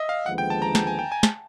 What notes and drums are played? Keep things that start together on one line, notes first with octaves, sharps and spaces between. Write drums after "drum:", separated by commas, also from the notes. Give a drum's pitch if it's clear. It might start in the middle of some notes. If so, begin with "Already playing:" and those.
Already playing: D#5 E5
F5
D#2 D3 F3 G#3 B3 F#5
G5
A5
A#5
A5, drum: snare
G#5
G5
G#5
A5, drum: snare